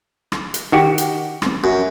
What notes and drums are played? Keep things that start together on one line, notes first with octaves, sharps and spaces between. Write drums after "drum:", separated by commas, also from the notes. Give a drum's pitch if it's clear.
drum: rim click
drum: hi-hat
D#3 F#4 G4
drum: hi-hat
drum: rim click
F#2